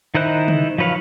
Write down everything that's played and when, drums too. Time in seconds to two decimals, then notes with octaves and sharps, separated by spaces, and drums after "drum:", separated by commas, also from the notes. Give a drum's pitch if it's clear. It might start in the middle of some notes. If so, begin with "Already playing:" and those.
0.15 D#3 D#4 E4 C5 F#6
0.48 drum: tom
0.78 F3 F#3 B4 C#5 F5